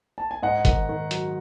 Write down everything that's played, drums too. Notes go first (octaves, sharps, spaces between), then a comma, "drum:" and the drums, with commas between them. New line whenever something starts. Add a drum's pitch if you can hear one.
A5
G#5
G#2 D#5 F#5
D#3, drum: kick G1, hi-hat
D#3
F#3, drum: hi-hat